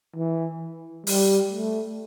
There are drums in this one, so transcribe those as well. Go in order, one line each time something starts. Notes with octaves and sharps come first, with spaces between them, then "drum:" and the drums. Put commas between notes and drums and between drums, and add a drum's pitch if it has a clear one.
E3
G3, drum: open hi-hat
A3